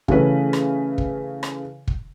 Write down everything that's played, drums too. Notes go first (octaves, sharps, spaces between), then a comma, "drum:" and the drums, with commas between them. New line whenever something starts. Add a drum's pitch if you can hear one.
C#3 E3 A3 C#4 B4, drum: kick
drum: rim click
drum: kick
drum: rim click
drum: kick